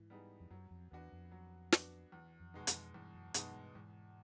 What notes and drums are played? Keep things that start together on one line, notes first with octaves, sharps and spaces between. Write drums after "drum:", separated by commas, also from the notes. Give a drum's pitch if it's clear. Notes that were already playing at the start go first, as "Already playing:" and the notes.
Already playing: G#2 E3
G3 B3 D#4 G#4
F2
F#2 F#3
F2
E2 B3 D4 F#4 B4
F2
F#3
B3 D4 F#4 B4, drum: snare
E2
F2
B2 G#3 B3 D#4
F2, drum: hi-hat
E2 G2
F#2
F#2 B2 G#3 B3 D#4, drum: hi-hat
G2
E2 G#2